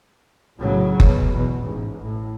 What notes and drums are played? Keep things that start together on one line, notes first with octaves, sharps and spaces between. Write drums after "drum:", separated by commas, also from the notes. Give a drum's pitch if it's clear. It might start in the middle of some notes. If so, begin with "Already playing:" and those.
B1 A2 C#3 F#3
B1 B2, drum: kick F#1
E2 B2
A1 G#2
A2